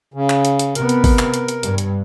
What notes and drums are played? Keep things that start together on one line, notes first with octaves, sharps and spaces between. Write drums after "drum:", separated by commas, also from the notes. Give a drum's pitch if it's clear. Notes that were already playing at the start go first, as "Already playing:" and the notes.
C#3
drum: clap
drum: hi-hat
drum: hi-hat
C3 B3 A#4, drum: hi-hat
drum: hi-hat
drum: kick, open hi-hat
drum: clap
drum: hi-hat
drum: hi-hat
G2, drum: hi-hat
drum: hi-hat